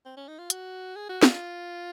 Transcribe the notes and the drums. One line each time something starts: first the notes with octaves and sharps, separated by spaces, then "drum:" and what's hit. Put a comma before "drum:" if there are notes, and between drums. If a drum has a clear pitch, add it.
C4
C#4
D#4
F4
F#4, drum: hi-hat
G#4
F#4
F4, drum: snare